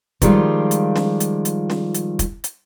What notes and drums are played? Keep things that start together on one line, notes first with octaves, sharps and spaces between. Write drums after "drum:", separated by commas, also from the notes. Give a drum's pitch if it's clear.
D#3 F3 G3 G#3 F4, drum: kick, hi-hat
drum: hi-hat
drum: snare
drum: hi-hat
drum: hi-hat
drum: snare
drum: hi-hat
drum: kick, hi-hat
drum: hi-hat